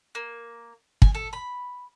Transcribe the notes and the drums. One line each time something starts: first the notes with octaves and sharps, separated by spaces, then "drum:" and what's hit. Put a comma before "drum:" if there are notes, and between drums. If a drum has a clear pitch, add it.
A#3
G#5, drum: kick
A4
B5